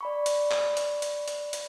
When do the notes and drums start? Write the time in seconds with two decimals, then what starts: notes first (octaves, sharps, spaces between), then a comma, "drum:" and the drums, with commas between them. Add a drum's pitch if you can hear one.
0.01 D5 B5 C#6
0.26 drum: hi-hat
0.51 drum: clap
0.77 drum: hi-hat
1.02 drum: hi-hat
1.28 drum: hi-hat
1.53 drum: hi-hat